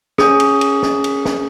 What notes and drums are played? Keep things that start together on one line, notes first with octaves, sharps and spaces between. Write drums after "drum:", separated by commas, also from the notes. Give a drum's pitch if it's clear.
C#4 G#4 D#6, drum: snare
drum: cymbal
drum: cymbal
drum: snare
drum: cymbal
drum: snare